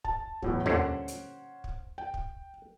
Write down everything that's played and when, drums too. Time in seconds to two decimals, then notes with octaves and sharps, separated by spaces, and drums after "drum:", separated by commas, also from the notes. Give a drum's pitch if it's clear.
0.04 A5, drum: kick
0.42 E2 A2 F#3, drum: kick
0.66 G2 A#2 D3 C#4 C5 F#5, drum: tom D#2
1.08 drum: hi-hat
1.64 drum: kick
1.98 G5
2.14 drum: kick